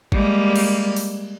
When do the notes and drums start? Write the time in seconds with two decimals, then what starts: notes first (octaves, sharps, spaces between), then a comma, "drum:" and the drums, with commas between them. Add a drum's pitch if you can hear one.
0.12 G3 G#3 A#3, drum: kick
0.56 drum: cymbal
0.96 drum: open hi-hat